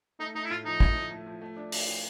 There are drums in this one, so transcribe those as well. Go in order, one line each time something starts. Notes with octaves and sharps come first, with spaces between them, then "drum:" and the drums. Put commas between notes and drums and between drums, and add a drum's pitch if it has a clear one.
A3 D#4
A3 D#4
E4
A2 F4
F3 D#4
A2, drum: kick
F3
A3
F3
A3
D4
D4, drum: open hi-hat
E3